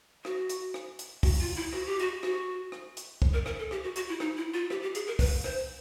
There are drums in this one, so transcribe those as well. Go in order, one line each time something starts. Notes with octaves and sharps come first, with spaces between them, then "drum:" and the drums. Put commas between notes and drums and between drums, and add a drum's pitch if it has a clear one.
F#4, drum: rim click
drum: hi-hat
drum: rim click
drum: hi-hat
F#4, drum: kick, open hi-hat
F4
E4
F#4, drum: rim click
G4
F#4, drum: hi-hat
F#4, drum: rim click
drum: rim click
drum: hi-hat
drum: kick
A#4
A#4, drum: rim click
A4
G4, drum: rim click
F#4
F#4, drum: hi-hat
E4
D#4, drum: rim click
E4
F4
G4, drum: rim click
G4
G#4, drum: hi-hat
A#4
B4, drum: kick, open hi-hat
C5, drum: rim click